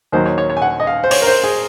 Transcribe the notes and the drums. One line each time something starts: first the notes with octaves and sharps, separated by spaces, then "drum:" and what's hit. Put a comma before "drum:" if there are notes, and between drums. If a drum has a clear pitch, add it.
D#2 D#3 F#3 C5
C#5
C#5
C#5
G#5
F#5
D#5
F5
C5
C#5, drum: open hi-hat
A#4
C5
G#4